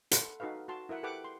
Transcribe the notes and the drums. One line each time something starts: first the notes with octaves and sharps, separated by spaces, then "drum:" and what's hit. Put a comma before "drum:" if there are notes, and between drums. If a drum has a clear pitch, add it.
A4 F#5 B5 C6, drum: hi-hat
D#4 F#4 A4 B4 F5
F#4 A5 C6
E4 A#4 E5 F#5
G4 A4 B4 F#5 G5 D6
C6